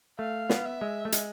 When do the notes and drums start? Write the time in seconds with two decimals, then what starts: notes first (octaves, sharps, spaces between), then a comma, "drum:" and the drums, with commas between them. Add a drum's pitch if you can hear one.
0.19 A3 F5
0.50 B3, drum: snare
0.66 E5
0.81 G#3
1.05 A3
1.12 G#3, drum: hi-hat